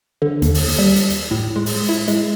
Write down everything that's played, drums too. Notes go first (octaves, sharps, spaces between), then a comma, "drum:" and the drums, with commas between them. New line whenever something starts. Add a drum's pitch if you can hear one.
D3
D#2, drum: hi-hat
drum: open hi-hat
drum: open hi-hat
G3
drum: hi-hat
drum: hi-hat
A2
G#3
drum: open hi-hat
E4
G#3, drum: hi-hat